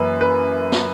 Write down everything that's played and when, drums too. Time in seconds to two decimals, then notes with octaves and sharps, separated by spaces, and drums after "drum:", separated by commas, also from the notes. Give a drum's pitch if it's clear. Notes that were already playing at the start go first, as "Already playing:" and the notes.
Already playing: F#2 E3 A#3 B4
0.21 B4
0.72 drum: snare